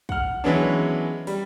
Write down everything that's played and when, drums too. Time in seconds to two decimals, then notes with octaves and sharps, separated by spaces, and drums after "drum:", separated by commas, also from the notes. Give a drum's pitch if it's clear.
0.09 F#5 F6, drum: kick
0.44 E3 F#3 G#3 B3 C#4 D4
1.27 G3, drum: open hi-hat